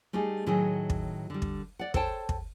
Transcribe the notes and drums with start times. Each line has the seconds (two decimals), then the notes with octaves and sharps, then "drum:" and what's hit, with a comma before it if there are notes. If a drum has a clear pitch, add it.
0.13 G3 A3 D#4 G4 G#4
0.46 A2 D#3 F#3 A3 D#4 G#4
0.90 drum: kick
1.30 D3 G3
1.42 drum: kick
1.79 D5 F#5
1.94 A4 C5 C#5 G5 A5, drum: kick
2.29 drum: kick